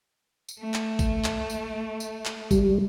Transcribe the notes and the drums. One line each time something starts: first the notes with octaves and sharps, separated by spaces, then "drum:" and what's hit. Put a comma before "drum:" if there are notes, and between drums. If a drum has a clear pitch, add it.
drum: tambourine
A3
drum: clap
drum: kick, tambourine
drum: clap
drum: tambourine
drum: tambourine
drum: clap
G3, drum: kick, tambourine